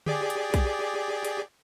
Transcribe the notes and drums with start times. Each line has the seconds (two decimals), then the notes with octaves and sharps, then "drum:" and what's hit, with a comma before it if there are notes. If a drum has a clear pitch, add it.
0.06 G4 G#4 D5, drum: tom D3
0.30 drum: hi-hat
0.54 drum: kick, hi-hat
1.25 drum: hi-hat